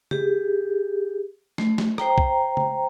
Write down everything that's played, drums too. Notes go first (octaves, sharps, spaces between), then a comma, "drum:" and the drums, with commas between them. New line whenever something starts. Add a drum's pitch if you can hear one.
G4 G#4, drum: tom C#3
A3, drum: snare
drum: snare
C5 G5 A#5, drum: rim click
drum: kick C2
drum: tom C#3